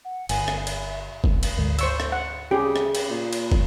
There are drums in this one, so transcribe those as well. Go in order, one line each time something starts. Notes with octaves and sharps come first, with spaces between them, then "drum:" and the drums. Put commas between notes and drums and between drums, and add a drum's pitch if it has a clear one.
F#5
G1 G#5, drum: cymbal
drum: rim click
E5, drum: cymbal
drum: kick
drum: cymbal
D2 G#2
C5 C#6 E6, drum: cymbal
drum: rim click
F#5
C#3 G4 G#4
drum: rim click
drum: cymbal
A#2
drum: cymbal
drum: kick